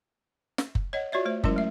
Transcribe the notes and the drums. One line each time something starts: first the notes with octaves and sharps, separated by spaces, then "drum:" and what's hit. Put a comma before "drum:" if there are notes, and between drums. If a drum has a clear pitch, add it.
drum: snare
drum: kick F#1
C#5 D#5 F#5
F4 F#4 C#5 D5 E5
A3 C5
F#3 G#3 C#4 E4 A#4 C6, drum: kick F#1
A3 E5